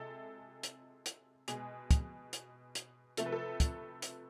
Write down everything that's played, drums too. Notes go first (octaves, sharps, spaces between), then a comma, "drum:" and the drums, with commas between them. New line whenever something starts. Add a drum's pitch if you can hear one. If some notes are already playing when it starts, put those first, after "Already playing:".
Already playing: C3 G#3 A4
drum: hi-hat
drum: hi-hat
B2 G#3 G#4, drum: hi-hat
drum: kick, hi-hat
drum: hi-hat
drum: hi-hat
C3 F3 A3 A4, drum: hi-hat
B4
A4
drum: kick, hi-hat
drum: hi-hat